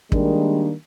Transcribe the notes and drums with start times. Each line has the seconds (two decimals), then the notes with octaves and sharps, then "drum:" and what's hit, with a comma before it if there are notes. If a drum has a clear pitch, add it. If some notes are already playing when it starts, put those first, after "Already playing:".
0.12 D#3 G3 G#3 A#3 D4, drum: kick